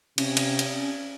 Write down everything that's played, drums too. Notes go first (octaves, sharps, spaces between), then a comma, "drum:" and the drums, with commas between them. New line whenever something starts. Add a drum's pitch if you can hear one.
C3 C#4, drum: cymbal
drum: cymbal
drum: hi-hat